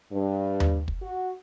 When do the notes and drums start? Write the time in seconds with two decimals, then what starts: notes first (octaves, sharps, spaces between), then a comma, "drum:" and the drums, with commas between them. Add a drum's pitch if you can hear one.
0.12 G2
0.60 drum: tom D#2
0.88 drum: kick
1.02 F#4